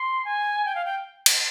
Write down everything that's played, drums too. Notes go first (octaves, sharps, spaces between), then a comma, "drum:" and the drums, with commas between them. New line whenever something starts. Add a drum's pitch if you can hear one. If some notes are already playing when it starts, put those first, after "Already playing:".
Already playing: C6
G#5
G5
F5
G5
drum: cymbal